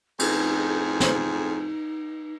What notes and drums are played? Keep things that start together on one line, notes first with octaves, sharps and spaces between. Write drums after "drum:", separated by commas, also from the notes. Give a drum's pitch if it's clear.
F2 A2 D#4 G#4, drum: cymbal
drum: snare